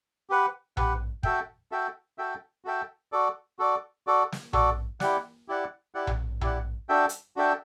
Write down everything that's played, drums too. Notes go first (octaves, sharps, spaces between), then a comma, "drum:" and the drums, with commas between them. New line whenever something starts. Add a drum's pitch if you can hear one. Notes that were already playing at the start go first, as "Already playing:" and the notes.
G4 B4 F#5
G4 B4 F#5, drum: tom A#1
F#4 A4 E5 G5, drum: kick
F#4 A4 E5 G5
F#4 A4 E5 G5
F#4 A4 E5 G5
F#4 A4 D5
F#4 A4 D5
F#4 A4 D5
drum: snare
F#4 A4 D5, drum: tom A#1
E4 G4 D5 F#5, drum: snare
E4 G4 D5 F#5
E4 G4 D5 F#5
drum: tom A#1
E4 G4 D5 F#5, drum: tom A#1
D4 F#4 A4 E5 G5
drum: hi-hat
D4 F#4 A4 E5 G5